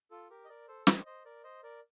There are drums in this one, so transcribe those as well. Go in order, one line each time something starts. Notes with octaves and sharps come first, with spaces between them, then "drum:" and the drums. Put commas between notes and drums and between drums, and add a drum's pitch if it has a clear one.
F4 A4
G4 A#4
D#5
A#4 D5
A4 C5
C5 D#5, drum: snare
C5 D#5
A#4 D5
C5 D#5
A#4 D5